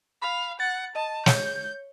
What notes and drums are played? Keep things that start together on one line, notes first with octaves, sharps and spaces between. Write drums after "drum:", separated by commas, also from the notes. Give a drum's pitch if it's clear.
F5 B5
F#5 A6
D#5 A5
C#5 G6, drum: snare